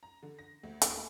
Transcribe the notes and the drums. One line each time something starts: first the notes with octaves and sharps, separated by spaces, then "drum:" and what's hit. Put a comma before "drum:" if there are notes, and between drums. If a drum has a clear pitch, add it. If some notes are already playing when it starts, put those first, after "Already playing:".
A#5
D3
A#6
D2
D#2, drum: hi-hat
A3